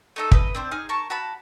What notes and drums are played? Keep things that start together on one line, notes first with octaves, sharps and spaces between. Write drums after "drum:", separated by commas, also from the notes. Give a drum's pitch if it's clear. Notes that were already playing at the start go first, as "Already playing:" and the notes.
A3 D#4 A4
B4 D#5, drum: kick
C4 D4 C5
D#4 G#4 F6
A#4 A5 C#6
F#4 A5 B5